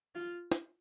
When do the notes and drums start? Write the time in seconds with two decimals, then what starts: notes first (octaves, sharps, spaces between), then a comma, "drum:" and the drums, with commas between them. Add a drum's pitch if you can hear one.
0.15 F4
0.52 drum: snare